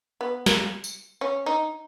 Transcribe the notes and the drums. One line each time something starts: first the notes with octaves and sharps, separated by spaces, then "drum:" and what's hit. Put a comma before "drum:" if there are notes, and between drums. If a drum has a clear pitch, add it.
B3
A#3, drum: snare
drum: tambourine
C#4
D#4